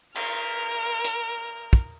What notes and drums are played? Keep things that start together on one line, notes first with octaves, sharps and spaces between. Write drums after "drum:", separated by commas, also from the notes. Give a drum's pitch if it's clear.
A#4 F6, drum: cymbal
drum: hi-hat
drum: kick